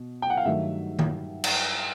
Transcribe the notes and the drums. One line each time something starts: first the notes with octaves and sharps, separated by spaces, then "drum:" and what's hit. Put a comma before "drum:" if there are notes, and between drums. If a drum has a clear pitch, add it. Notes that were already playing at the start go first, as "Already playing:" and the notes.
Already playing: B2
G5
F#5
F5
G2 D#3 F#3 A3 E5
drum: tom D#3
drum: cymbal